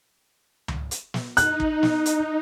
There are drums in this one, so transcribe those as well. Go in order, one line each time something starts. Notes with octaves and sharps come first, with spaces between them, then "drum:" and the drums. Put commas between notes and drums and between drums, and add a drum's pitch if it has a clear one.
drum: tom C#2
drum: hi-hat
drum: snare
D#4 F#6, drum: hi-hat
drum: kick
drum: snare
drum: hi-hat